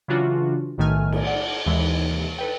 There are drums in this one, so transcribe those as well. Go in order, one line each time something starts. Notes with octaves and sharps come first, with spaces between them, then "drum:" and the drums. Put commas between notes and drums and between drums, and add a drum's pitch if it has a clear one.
C#3 E3 F#3 D4 F4 F#4
B1 A2 D#3 A3 G#5 F6
drum: cymbal
D5 F#5
D#2 C3 E3 G#3
A4 B4 G5